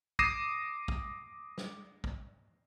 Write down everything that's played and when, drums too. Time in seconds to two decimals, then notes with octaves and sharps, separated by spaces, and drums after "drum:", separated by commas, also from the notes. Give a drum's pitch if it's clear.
0.19 D6 D#6 A#6 C7 D#7 E7, drum: kick
0.88 drum: kick
1.58 drum: snare
2.04 drum: kick